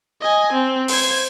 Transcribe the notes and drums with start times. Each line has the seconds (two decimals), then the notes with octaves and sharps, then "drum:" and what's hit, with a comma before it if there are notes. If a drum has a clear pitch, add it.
0.21 D#5 G#5
0.53 C4
0.88 C5 G#6, drum: open hi-hat